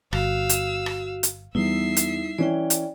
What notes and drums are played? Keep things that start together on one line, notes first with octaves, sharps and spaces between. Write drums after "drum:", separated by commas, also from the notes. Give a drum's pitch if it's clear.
G1 F#4 F5 E6, drum: rim click
drum: hi-hat
drum: rim click
drum: hi-hat
E2 G3 B3 D#4 E4 E5 C7
drum: hi-hat
E3 C#4 D5 G5
drum: hi-hat